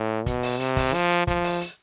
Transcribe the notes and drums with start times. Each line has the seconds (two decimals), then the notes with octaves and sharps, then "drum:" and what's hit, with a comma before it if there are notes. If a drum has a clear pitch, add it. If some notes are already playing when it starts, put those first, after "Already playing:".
Already playing: A2
0.26 B2, drum: kick, hi-hat
0.43 drum: open hi-hat
0.60 C3, drum: hi-hat
0.77 drum: kick, open hi-hat
0.94 F3, drum: hi-hat
1.10 drum: hi-hat
1.27 F3, drum: kick, hi-hat
1.44 drum: open hi-hat
1.61 drum: hi-hat